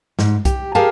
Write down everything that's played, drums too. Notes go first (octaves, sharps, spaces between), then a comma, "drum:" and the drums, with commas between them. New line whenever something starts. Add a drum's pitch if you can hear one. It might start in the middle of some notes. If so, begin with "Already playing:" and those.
G#2, drum: snare
G4, drum: kick B1, hi-hat
G4 G#4 A#4 F5 G5 A5